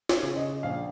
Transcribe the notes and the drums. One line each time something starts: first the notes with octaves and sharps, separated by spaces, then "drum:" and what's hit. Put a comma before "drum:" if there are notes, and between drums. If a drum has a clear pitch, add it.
C#5, drum: snare
C#3
D#5
A#1 F5